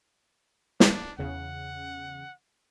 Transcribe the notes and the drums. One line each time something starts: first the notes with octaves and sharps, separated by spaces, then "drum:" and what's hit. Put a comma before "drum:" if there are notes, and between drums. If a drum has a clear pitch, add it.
D4, drum: snare
E2 C#3 F#5